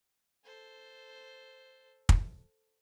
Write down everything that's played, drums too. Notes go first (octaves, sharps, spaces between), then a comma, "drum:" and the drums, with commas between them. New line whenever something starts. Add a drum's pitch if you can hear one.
A4 C5
drum: kick